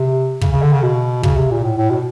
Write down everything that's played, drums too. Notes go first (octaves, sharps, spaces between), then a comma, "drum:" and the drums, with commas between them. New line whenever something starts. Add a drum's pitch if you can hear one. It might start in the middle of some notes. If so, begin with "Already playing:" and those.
Already playing: C3
C#3, drum: kick
C#3
D3
C#3
B2
C#3, drum: kick
C3
A#2
A2
A2
B2